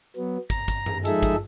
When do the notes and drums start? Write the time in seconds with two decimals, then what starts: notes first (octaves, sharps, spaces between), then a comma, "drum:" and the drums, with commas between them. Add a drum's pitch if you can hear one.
0.16 F#3 B3
0.50 A#5, drum: kick, hi-hat
0.68 drum: kick, hi-hat
0.86 drum: tom F#2
1.05 F3 G#3 D#4 G#4 A4 E5, drum: hi-hat
1.23 drum: kick, hi-hat